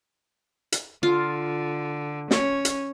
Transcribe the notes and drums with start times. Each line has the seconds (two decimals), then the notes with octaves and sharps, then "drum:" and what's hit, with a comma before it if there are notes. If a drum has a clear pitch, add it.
0.72 drum: hi-hat
1.03 D3 F4
2.31 C#4 C#5, drum: snare
2.65 drum: hi-hat